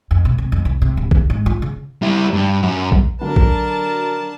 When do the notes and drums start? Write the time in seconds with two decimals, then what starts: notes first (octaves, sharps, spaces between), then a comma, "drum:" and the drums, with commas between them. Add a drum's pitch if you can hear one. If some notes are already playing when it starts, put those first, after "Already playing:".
0.11 F2
0.25 B2
0.38 C3
0.52 F2
0.65 C2
0.82 C3
0.97 D1
1.11 D#2, drum: kick
1.30 G#2
1.46 F4
1.62 C#3
2.02 G3 E4
2.34 G2
2.63 F#2 F#4
2.92 drum: kick
3.21 D3 F#3 D4 A#4 A5
3.36 drum: kick